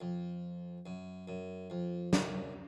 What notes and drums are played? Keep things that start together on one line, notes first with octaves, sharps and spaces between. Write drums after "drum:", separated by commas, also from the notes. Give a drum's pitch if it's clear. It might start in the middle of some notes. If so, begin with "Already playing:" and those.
F2
F#2
F#2
F2
F#2, drum: snare